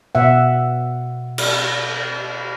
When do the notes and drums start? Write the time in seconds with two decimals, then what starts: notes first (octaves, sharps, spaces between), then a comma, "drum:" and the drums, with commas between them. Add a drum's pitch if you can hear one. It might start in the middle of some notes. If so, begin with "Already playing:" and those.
0.15 B2 E5 F#5
1.38 drum: cymbal